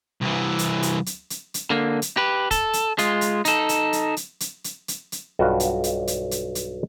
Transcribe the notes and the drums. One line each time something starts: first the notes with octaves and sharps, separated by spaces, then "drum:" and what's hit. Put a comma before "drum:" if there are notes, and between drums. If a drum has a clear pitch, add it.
C2 E3
drum: hi-hat
drum: hi-hat
drum: hi-hat
drum: hi-hat
drum: hi-hat
D3 A#3
drum: hi-hat
G4 B4
A4, drum: kick, hi-hat
drum: hi-hat
G#3 F4, drum: hi-hat
drum: hi-hat
D#4 A4, drum: hi-hat
drum: hi-hat
drum: hi-hat
drum: hi-hat
drum: hi-hat
drum: hi-hat
drum: hi-hat
drum: hi-hat
B1 G2 F4 F#4 D#5
drum: hi-hat
drum: hi-hat
drum: hi-hat
drum: hi-hat
drum: hi-hat